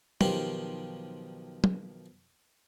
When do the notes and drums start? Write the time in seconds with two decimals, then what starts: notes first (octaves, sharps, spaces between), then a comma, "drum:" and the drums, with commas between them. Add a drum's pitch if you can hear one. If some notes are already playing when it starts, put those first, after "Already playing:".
0.21 B1 D#3 F3 G4, drum: tom
1.64 drum: tom